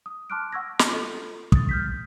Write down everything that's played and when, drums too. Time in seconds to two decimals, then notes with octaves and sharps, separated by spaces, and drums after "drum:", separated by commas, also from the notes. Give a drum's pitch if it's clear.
0.06 D#6
0.30 A5 C6 D6 F6 F#6 D7
0.52 F#5 C#6 E6 G#6 A#6
0.79 drum: snare
0.88 F4 A4
1.52 D#6 A6, drum: kick
1.69 F6 G6 B6